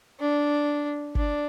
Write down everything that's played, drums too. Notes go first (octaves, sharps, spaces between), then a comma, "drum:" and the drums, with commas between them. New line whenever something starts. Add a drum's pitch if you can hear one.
D4
D4, drum: kick G1